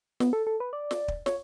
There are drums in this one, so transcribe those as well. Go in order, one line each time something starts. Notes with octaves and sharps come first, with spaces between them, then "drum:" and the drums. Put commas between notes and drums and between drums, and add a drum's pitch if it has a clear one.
B3, drum: snare
A4
A4
B4
D5
drum: snare
drum: kick
C#5, drum: snare